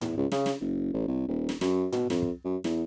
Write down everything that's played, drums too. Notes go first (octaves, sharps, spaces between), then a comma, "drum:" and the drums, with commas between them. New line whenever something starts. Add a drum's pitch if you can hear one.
E2, drum: tom
C#2
C#3, drum: snare
drum: snare
F#1
A1
C2
D#1
drum: snare
F#2, drum: snare
B2, drum: tom
F2, drum: snare
drum: kick
F#2
E2, drum: snare